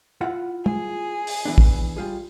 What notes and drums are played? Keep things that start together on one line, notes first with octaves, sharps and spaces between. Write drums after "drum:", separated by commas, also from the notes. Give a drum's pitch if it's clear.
E4 F4 F#5
G#4, drum: tom
drum: open hi-hat
E3 B3 D4
drum: kick
G3 F4 G#4